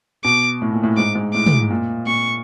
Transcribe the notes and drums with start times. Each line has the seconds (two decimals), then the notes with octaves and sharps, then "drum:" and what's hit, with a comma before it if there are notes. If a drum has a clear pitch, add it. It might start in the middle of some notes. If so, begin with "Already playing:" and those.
0.24 B2 D6
0.62 A2
0.73 A#2
0.83 A2
0.97 G#2 D6
1.15 G#2
1.33 A2 D6
1.46 drum: tom
1.71 A#2
2.07 A#2 C#6